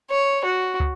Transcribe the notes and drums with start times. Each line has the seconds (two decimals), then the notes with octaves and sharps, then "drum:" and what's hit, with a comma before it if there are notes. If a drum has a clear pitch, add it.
0.11 C#5
0.45 F#4
0.80 drum: kick